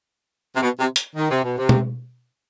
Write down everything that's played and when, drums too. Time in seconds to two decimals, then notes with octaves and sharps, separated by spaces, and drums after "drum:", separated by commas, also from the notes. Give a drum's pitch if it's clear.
0.55 C3
0.61 B2
0.80 C3
0.96 drum: hi-hat
1.16 D#3
1.30 C3
1.43 B2
1.57 C3
1.69 drum: tom